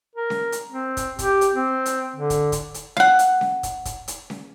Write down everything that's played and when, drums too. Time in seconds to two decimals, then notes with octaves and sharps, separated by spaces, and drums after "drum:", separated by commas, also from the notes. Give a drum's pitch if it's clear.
0.16 A#4
0.30 drum: snare C#4
0.52 drum: hi-hat
0.68 C4
0.97 drum: kick, hi-hat
1.19 G4, drum: kick, hi-hat
1.41 drum: hi-hat
1.55 C4
1.86 drum: hi-hat
2.16 D3
2.30 drum: kick, hi-hat
2.52 drum: kick, hi-hat
2.74 drum: hi-hat
2.97 F5 F#5, drum: snare C#4
3.19 drum: hi-hat
3.41 drum: snare C#4
3.63 drum: kick, hi-hat
3.85 drum: kick, hi-hat
4.08 drum: hi-hat
4.30 drum: snare C#4